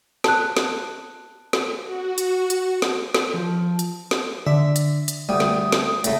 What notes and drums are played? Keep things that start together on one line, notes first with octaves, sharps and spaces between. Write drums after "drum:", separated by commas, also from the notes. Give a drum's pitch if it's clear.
A5 F#6, drum: snare
drum: snare
drum: snare
F#4
drum: hi-hat
drum: hi-hat
drum: snare
drum: snare
F3
drum: hi-hat
drum: snare
D3 E5
drum: hi-hat
drum: hi-hat
D2 G3 D#6
drum: snare
drum: snare
A2 C#3 A3, drum: hi-hat